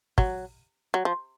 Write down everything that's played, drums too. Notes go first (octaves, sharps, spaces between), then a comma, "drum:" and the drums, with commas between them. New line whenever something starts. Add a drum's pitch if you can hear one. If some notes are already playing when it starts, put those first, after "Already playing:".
F#3, drum: kick
F#3
F3